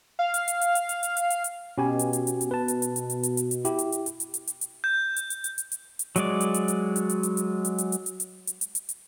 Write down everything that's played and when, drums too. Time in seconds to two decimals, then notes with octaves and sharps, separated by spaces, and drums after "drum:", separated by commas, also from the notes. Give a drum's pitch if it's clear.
0.19 F5
0.34 drum: hi-hat
0.48 drum: hi-hat
0.61 drum: hi-hat
0.75 drum: hi-hat
0.89 drum: hi-hat
1.03 drum: hi-hat
1.17 drum: hi-hat
1.30 drum: hi-hat
1.44 drum: hi-hat
1.78 B2 C#4 G4 G#5
1.99 drum: hi-hat
2.13 drum: hi-hat
2.27 drum: hi-hat
2.41 drum: hi-hat
2.51 B4 A5
2.68 drum: hi-hat
2.82 drum: hi-hat
2.96 drum: hi-hat
3.10 drum: hi-hat
3.23 drum: hi-hat
3.37 drum: hi-hat
3.51 drum: hi-hat
3.65 E4 G4, drum: hi-hat
3.79 drum: hi-hat
3.92 drum: hi-hat
4.06 drum: hi-hat
4.20 drum: hi-hat
4.34 drum: hi-hat
4.47 drum: hi-hat
4.61 drum: hi-hat
4.84 G6
5.16 drum: hi-hat
5.30 drum: hi-hat
5.44 drum: hi-hat
5.58 drum: hi-hat
5.72 drum: hi-hat
5.99 drum: hi-hat
6.16 F#3 G#3 D5, drum: hi-hat
6.40 drum: hi-hat
6.54 drum: hi-hat
6.68 drum: hi-hat
6.96 drum: hi-hat
7.09 drum: hi-hat
7.23 drum: hi-hat
7.37 drum: hi-hat
7.65 drum: hi-hat
7.78 drum: hi-hat
7.92 drum: hi-hat
8.06 drum: hi-hat
8.20 drum: hi-hat
8.47 drum: hi-hat
8.61 drum: hi-hat
8.75 drum: hi-hat
8.89 drum: hi-hat